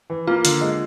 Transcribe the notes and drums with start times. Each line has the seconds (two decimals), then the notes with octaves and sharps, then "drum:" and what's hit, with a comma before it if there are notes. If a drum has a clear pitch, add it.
0.10 E3
0.27 A#3 F4
0.45 D3, drum: hi-hat
0.61 G#3